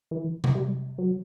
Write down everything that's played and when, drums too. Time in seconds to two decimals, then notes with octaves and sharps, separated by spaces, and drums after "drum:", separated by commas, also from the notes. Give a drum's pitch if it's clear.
0.11 E3
0.44 drum: tom C3
0.55 G3
0.98 F#3